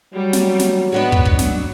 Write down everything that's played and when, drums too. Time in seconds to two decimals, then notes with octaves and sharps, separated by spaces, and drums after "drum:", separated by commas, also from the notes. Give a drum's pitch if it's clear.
0.14 F#3 G3
0.33 drum: snare
0.59 drum: snare
0.92 G#3 B3 D4 F#4 B4 C#5
1.12 drum: kick
1.25 drum: kick
1.39 F#3, drum: snare